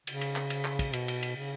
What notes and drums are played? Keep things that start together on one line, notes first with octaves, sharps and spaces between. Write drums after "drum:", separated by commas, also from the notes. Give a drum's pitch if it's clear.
C#3, drum: cymbal
drum: cymbal
drum: clap
drum: cymbal
drum: clap
drum: kick, cymbal
B2, drum: cymbal
drum: cymbal
drum: cymbal
C#3